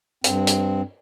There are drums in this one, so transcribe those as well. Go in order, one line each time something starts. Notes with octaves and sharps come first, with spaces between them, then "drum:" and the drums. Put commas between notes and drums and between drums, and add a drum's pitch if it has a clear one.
G2 C4, drum: hi-hat
drum: hi-hat